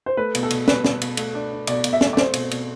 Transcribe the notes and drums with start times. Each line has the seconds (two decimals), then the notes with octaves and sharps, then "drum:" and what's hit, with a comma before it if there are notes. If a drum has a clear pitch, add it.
0.06 C5
0.17 A3 B4
0.35 B2, drum: cymbal
0.43 A4
0.50 B2, drum: cymbal
0.68 B2 B4, drum: snare
0.85 B2, drum: snare
1.02 B2, drum: cymbal
1.17 A3, drum: cymbal
1.34 D4
1.51 D4
1.67 B2 D5, drum: cymbal
1.84 B2, drum: cymbal
1.93 E5
2.01 A3, drum: snare
2.13 D5
2.17 C4 C5, drum: snare
2.34 B2, drum: cymbal
2.51 B2, drum: cymbal